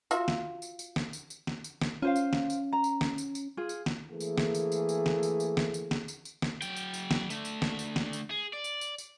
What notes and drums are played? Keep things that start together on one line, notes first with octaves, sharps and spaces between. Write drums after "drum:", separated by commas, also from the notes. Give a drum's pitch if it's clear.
F4 F#4 E5, drum: tambourine
drum: snare
drum: tambourine
drum: tambourine
drum: snare
drum: tambourine
drum: tambourine
drum: snare
drum: tambourine
drum: snare
C#4 F4 C5 F5
drum: tambourine
drum: snare
drum: tambourine
A#5
drum: tambourine
drum: snare
drum: tambourine
drum: tambourine
F4 G#4
drum: tambourine
drum: snare
E3 A3 A#3 G#4
drum: tambourine
drum: snare
drum: tambourine
drum: tambourine
drum: tambourine
drum: snare
drum: tambourine
drum: tambourine
drum: snare
drum: tambourine
drum: snare
drum: tambourine
drum: tambourine
drum: snare
F#3 G5, drum: tambourine
drum: tambourine
drum: tambourine
drum: snare
D3 A3, drum: tambourine
drum: tambourine
drum: snare
drum: tambourine
drum: snare
drum: tambourine
G#4
D5
drum: tambourine
drum: tambourine
drum: tambourine